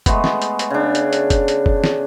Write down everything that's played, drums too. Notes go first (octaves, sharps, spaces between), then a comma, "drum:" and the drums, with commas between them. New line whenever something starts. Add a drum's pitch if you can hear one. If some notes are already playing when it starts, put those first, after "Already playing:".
G#3 A3 B3, drum: kick F#1, hi-hat
drum: snare
drum: hi-hat
drum: hi-hat
C#3 D4
drum: hi-hat
drum: hi-hat
drum: kick F#1, hi-hat
drum: hi-hat
drum: kick F#1
drum: snare